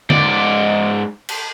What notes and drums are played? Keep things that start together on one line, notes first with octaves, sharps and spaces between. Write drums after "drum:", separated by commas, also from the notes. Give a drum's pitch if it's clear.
G#2 D5, drum: tom D3
drum: cymbal